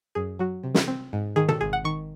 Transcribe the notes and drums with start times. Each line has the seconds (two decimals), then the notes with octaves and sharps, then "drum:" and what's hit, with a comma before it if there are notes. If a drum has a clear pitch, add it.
0.15 F#2 G#4
0.39 F#3 F#4
0.63 C3
0.74 drum: snare
0.88 C4
1.13 G#2
1.36 D#3 G#4
1.48 A4, drum: tom
1.61 G#1 G#4
1.73 F#5
1.84 D#3 C#6